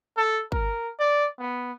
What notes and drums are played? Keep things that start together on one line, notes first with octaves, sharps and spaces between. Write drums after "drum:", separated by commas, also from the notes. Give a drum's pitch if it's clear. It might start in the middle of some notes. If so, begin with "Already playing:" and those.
A4
A#4, drum: kick
D5
B3